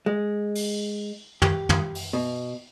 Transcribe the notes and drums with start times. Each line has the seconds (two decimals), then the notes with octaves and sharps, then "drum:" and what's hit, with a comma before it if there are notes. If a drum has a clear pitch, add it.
0.06 G#3
0.55 drum: open hi-hat
1.42 G4, drum: tom
1.69 drum: tom
1.95 drum: open hi-hat
2.13 B2